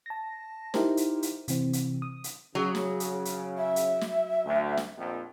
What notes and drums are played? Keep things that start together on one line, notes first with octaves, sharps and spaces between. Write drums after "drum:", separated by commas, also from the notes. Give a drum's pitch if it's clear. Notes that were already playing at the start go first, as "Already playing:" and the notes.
A5 A#6
D#4 E4 G4 A#4 C5, drum: snare
drum: hi-hat
drum: hi-hat
C3 E3 C4, drum: hi-hat
drum: hi-hat
D#6
drum: hi-hat
C#3 F#3 G#4
drum: snare
drum: hi-hat
drum: hi-hat
E5
drum: hi-hat
drum: snare
D2
drum: snare
A#1 F2